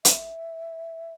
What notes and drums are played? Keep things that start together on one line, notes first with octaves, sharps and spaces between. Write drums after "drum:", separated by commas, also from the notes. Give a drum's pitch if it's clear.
E5, drum: hi-hat